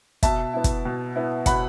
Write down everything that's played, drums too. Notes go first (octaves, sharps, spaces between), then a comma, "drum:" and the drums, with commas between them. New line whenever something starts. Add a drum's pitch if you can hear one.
B2 E5 A5, drum: kick, hi-hat
B3 E4
drum: kick, hi-hat
B2
B3 E4
B2 F#5 B5, drum: kick, hi-hat